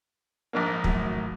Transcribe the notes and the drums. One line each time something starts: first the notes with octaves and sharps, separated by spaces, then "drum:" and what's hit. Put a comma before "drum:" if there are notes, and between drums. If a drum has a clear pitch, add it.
A#1 G#2 A#3
G#1 F#3 A3, drum: kick